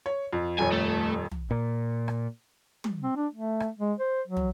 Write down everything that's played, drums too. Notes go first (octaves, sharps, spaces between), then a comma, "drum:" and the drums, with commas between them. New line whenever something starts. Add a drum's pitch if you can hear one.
C#5
F2
D#1 F2 C#5 G#5
A3
drum: tom
A#2
drum: rim click
drum: tom
C4
D4
A3
drum: rim click
G#3
C5
F#3
drum: tom